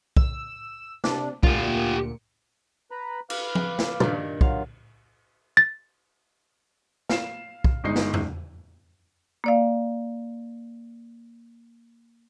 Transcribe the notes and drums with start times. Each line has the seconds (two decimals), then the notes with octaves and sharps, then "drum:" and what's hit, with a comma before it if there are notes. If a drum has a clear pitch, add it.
0.17 E6, drum: kick B1
1.04 C3 D4, drum: snare
1.43 D2 A#2 F4 G4 C#7, drum: kick B1
2.91 B4 A#5 B5
3.30 B4 F5 D6, drum: cymbal
3.55 drum: tom F3
3.79 drum: snare
4.00 G2 A#2 D#3, drum: tom
4.41 F#3 F4 F5, drum: kick B1
5.57 A6
7.09 F5 C7 E7, drum: snare
7.64 drum: kick B1
7.84 G1 G#3 D#4 C7
7.96 drum: snare
8.14 drum: tom E2
9.44 A#3 D5 F5